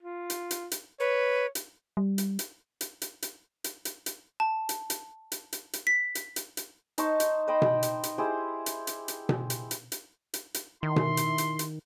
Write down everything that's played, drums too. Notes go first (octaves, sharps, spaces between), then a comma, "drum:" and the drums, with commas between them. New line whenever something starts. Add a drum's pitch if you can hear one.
F4
drum: hi-hat
drum: hi-hat
drum: hi-hat
B4 C#5
drum: hi-hat
G3
drum: hi-hat
drum: hi-hat
drum: hi-hat
drum: hi-hat
drum: hi-hat
drum: hi-hat
drum: hi-hat
drum: hi-hat
A5
drum: hi-hat
drum: hi-hat
drum: hi-hat
drum: hi-hat
drum: hi-hat
B6
drum: hi-hat
drum: hi-hat
drum: hi-hat
D#4 C5 A5 C#6, drum: hi-hat
drum: hi-hat
C5 D#5 G5 B5
drum: tom B2
drum: hi-hat
drum: hi-hat
E4 G4 G#4 C5
drum: hi-hat
drum: hi-hat
drum: hi-hat
drum: tom B2
drum: hi-hat
drum: hi-hat
drum: hi-hat
drum: hi-hat
drum: hi-hat
D#3 E4 C6
drum: tom B2
drum: hi-hat
drum: hi-hat
drum: hi-hat